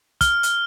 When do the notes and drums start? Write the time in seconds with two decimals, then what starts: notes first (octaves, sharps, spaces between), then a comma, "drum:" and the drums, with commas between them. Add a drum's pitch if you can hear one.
0.21 F6, drum: kick, hi-hat
0.43 drum: hi-hat